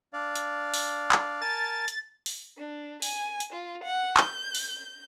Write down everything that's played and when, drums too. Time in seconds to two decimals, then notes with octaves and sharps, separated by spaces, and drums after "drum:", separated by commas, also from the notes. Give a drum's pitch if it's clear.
0.13 D4 D5 F5
0.36 drum: hi-hat
0.74 drum: open hi-hat
1.12 drum: clap
1.41 A#4 G#5 A5 A6
1.88 drum: hi-hat
2.26 drum: open hi-hat
2.57 D4
3.02 G#5, drum: open hi-hat
3.40 drum: hi-hat
3.52 F4
3.83 F#5
4.17 G6, drum: clap
4.55 drum: open hi-hat